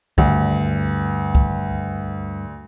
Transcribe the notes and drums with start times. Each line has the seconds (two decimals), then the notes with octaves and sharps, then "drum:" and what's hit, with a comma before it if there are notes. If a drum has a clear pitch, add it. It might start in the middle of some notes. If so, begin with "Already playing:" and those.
0.18 D2 G2, drum: kick C#2
1.35 drum: kick C#2